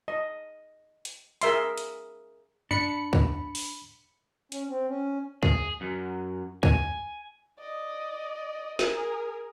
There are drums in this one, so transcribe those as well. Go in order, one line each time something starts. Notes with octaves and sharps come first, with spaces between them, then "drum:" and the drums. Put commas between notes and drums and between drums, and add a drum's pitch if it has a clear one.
D#5
drum: hi-hat
G#4 A#4 E5 C6, drum: hi-hat
drum: hi-hat
D4 B5 C#7, drum: tom F#2
drum: kick
drum: open hi-hat
C#4, drum: hi-hat
C4
C#4
G#4, drum: kick
F#2
G#5, drum: kick
D5 D#5
G#4 A#4, drum: snare